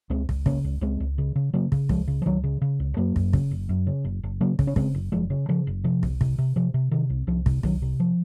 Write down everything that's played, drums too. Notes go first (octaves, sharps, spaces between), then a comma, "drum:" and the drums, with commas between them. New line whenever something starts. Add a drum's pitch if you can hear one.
C#2 G#3 C4
C#2, drum: kick
C#3 A#3 C#4, drum: kick
C#2
C#2 G#3 C4
C#2
C#3
C#3
C#3 F#3 A#3
C#3, drum: kick
C#2 F3 G#3, drum: kick
C#3
F3
C#2 D#3 F#3
C#3
C#3
C#2
F#2 F#3 A#3
F#2, drum: kick
C#3, drum: kick
F#1
F#2
C#3
F#1
F#1
C#3 F#3 A#3
C#3, drum: kick
C#4
C#3 G#3 C4, drum: kick
F#1
F#1 F3 G#3
C#3
C#3 F3
F#1
C3 F3
C2, drum: kick
C3, drum: kick
C3
C3 F3
C3
C3 D#3
C2
C2 F3
C3, drum: kick
C2 D#3 F#3, drum: kick
C3
F3